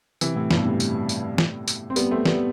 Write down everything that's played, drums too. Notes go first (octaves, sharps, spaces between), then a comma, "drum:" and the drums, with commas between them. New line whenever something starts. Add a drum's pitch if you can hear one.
C3 E3, drum: tambourine
A2 C3
G2 B2, drum: snare
A2 C3
drum: tambourine
drum: tambourine
drum: snare
drum: tambourine
C4
G3 B3, drum: tambourine
A3 C4
G3 B3, drum: snare